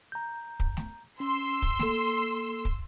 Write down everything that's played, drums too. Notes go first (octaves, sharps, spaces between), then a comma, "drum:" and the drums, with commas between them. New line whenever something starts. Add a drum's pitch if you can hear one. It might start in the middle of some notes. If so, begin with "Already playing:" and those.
A#5 G6
drum: kick
drum: snare A3
C#4 C6 E6
drum: kick
A#3 A4, drum: snare A3
drum: kick